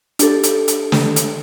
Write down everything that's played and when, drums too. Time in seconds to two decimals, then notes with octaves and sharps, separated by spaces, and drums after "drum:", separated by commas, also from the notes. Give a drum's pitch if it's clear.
0.19 D4 G4 A4, drum: hi-hat
0.44 drum: hi-hat
0.68 drum: hi-hat
0.92 drum: snare
1.16 drum: hi-hat